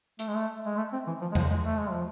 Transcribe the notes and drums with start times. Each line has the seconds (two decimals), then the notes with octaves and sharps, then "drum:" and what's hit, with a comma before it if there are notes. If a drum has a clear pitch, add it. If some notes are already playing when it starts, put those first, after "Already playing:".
0.19 A3, drum: hi-hat
0.27 G#3
0.34 A3
0.66 G#3
0.77 A3
0.93 C4
1.07 E3
1.22 F3
1.32 G#3
1.35 F3, drum: tom E2
1.50 G#3
1.65 A3
1.78 G#3
1.91 F3